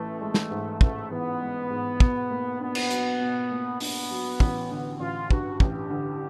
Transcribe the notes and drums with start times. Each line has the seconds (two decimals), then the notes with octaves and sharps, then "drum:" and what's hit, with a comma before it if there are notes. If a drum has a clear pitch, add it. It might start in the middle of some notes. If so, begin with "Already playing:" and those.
Already playing: A1 E3 A3
0.21 G#3
0.34 drum: snare
0.51 G#2
0.81 A1 A3, drum: kick
1.11 E3 B3
1.41 G#3
1.70 G#2
2.00 B2, drum: kick
2.31 A#3
2.60 B3 D4
2.75 drum: cymbal
2.90 F#3, drum: hi-hat
3.21 B2
3.51 A#3
3.80 B3 D4, drum: open hi-hat
4.11 F#3
4.40 A1, drum: kick
4.71 D3
5.00 A1 F4
5.30 G2 F#4, drum: kick
5.60 A1 G4, drum: kick
5.90 D3